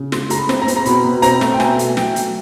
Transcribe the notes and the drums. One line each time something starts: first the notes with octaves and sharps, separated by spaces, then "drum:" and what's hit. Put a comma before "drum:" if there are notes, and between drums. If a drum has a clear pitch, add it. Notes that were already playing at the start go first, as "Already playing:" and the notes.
Already playing: C#3
G#3 C6, drum: snare
G#3 A#5, drum: hi-hat
B5
C4, drum: snare
A#5
C4, drum: hi-hat
A#5
B2 B5, drum: hi-hat
B2
C4 A#5, drum: hi-hat
A3, drum: snare
G5
B2 G#5, drum: snare
A3, drum: hi-hat
F#3 G5, drum: snare
A3, drum: hi-hat